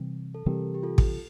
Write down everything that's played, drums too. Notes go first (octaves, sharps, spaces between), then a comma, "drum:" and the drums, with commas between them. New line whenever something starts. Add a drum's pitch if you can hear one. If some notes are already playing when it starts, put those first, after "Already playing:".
Already playing: C3 E3 G3 C4
A4
C3 E3 G3 C4 G4 A#4
G4
F4 A4
drum: kick